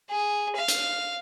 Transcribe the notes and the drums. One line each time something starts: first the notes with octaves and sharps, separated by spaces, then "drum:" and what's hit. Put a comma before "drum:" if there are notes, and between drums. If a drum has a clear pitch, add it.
G#4
F5
drum: hi-hat